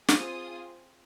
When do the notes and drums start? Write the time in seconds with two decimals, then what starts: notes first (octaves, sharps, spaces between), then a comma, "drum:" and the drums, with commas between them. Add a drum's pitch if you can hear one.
0.08 C4 F4 G#4 D#6, drum: snare